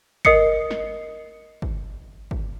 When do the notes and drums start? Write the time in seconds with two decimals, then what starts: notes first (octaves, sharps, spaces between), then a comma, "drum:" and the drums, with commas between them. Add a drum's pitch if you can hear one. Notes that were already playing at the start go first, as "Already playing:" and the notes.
0.25 A#4 D#5 D#6 C7 C#7, drum: kick
0.71 drum: snare
1.62 drum: kick
2.31 drum: kick